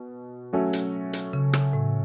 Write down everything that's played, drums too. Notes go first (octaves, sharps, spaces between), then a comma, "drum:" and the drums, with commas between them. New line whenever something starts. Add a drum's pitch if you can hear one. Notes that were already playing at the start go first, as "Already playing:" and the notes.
Already playing: B2
F#3 A3 C#4 F#4 A4
drum: hi-hat
drum: hi-hat
C#3
drum: rim click
A2